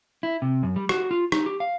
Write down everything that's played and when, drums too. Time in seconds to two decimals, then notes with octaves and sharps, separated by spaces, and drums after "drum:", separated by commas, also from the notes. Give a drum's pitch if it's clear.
0.23 E4
0.42 C3
0.63 F#2
0.76 G3
0.89 F#4, drum: rim click
1.11 F4
1.32 D#4, drum: rim click
1.46 G4
1.60 F5